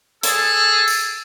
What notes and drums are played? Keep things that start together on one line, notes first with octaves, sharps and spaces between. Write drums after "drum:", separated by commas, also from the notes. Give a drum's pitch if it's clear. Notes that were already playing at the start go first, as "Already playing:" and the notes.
G#4 A4, drum: hi-hat
drum: tambourine